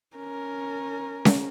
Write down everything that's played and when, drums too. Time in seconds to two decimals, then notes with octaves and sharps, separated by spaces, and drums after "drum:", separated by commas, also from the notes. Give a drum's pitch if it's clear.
0.16 C#4 A#4
1.25 drum: snare C#4